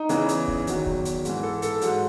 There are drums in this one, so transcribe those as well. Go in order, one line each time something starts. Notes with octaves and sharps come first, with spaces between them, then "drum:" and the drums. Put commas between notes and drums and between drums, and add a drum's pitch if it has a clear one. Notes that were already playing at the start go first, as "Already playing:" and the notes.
Already playing: D#4
E2 C#3 E3, drum: hi-hat
drum: hi-hat
drum: kick
E2 D#3 F#3, drum: hi-hat
drum: kick
drum: hi-hat
G#2 E3, drum: hi-hat
A4
A4, drum: hi-hat
G#2 F#3, drum: hi-hat